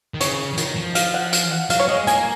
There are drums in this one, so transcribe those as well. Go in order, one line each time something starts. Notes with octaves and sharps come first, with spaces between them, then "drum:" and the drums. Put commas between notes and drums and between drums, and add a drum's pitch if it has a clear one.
D#3
C#3 C#5, drum: hi-hat
F3
D#3, drum: hi-hat
F3
F5, drum: hi-hat
F#5
F5, drum: hi-hat
F#5
F#3 F5, drum: hi-hat
C#5
G#3 D#5
A#3 G#5, drum: hi-hat